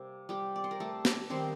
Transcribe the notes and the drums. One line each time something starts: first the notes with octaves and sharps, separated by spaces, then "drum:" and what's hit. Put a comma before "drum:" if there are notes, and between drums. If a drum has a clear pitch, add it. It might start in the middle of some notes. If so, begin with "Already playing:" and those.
Already playing: C3 G3 A#3
G3 G4
D5
C5
A#4
A3 A4
drum: snare
D#3 G3 A#3 C4 C5